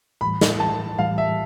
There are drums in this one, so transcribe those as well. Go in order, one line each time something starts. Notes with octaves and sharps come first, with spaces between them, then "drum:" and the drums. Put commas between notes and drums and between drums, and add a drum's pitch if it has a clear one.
A2 E3 G3 B5
drum: snare
A5
A2 E3 G3 F5
E5